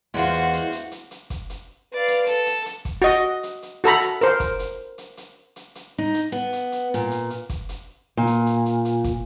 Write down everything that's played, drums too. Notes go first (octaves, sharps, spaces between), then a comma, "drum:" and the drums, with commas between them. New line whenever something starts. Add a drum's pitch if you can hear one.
E2 G#3 F4 F#4 C5
drum: hi-hat
drum: hi-hat
drum: hi-hat
drum: hi-hat
drum: hi-hat
drum: kick, hi-hat
drum: hi-hat
B4 D5 F5
drum: hi-hat
A4, drum: hi-hat
drum: hi-hat
drum: hi-hat
drum: kick, hi-hat
F#4 D#5, drum: hi-hat
drum: hi-hat
drum: hi-hat
F#4 A4 A#5 B5, drum: hi-hat
drum: hi-hat
A#4 C5, drum: hi-hat
drum: kick, hi-hat
drum: hi-hat
drum: hi-hat
drum: hi-hat
drum: hi-hat
drum: hi-hat
D#4
drum: hi-hat
B3
drum: hi-hat
drum: hi-hat
A#2, drum: hi-hat
drum: hi-hat
drum: hi-hat
drum: kick, hi-hat
drum: hi-hat
A#2
drum: hi-hat
drum: hi-hat
drum: hi-hat
drum: hi-hat
drum: kick, hi-hat